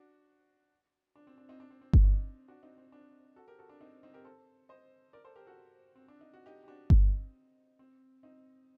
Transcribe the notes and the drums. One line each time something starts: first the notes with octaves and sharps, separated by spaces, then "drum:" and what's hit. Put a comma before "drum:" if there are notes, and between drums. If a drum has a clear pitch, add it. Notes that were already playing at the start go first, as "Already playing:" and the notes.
Already playing: D4 F#4
D4
C4
D4
C4 D#4
D4
C4
C4
D4, drum: kick G1
C4 D#4
D4 F#4
C4 D#4
C4
D4
F#4 A4
G4 A#4
F#4 A4
D4
C4 D#4
C4 D#4
G4 A#4
A4 C5
C5 D#5
A#4 D5
A4 C5
G4 A#4
F#4 A4
C4
D4
D#4
F#4
D#4 G4
G4
D4 F#4
C4 D#4, drum: kick G1
C4
C4 D#4